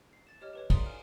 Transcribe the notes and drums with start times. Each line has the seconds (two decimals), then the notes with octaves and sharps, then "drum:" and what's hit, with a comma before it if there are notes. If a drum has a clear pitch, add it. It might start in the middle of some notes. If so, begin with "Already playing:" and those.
0.13 C7
0.27 A6 E7
0.41 G4 C#5 D#5 F6
0.53 G4 B4 C#5
0.70 A4 D5 E5 A#5 C6 D#6, drum: kick, cymbal
0.86 G#5 F6 D7 E7